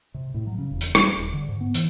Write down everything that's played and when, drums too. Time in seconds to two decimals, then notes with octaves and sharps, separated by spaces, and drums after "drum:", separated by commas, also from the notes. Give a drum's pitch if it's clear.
0.14 C3
0.34 A2
0.47 F#3
0.58 C#3
0.71 E1
0.81 drum: hi-hat
0.95 G3, drum: rim click
1.17 D#1
1.33 D3
1.49 G#2
1.61 B3
1.74 E3, drum: hi-hat